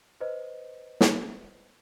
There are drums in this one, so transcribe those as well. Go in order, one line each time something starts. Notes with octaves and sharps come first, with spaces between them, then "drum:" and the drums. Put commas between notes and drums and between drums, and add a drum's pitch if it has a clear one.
B4 C5 D#5
drum: snare